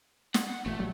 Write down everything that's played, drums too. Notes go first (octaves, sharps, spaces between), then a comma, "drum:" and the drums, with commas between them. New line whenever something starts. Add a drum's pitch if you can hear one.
F#5, drum: snare
A1 A#2 A3
A#1 F#3 G3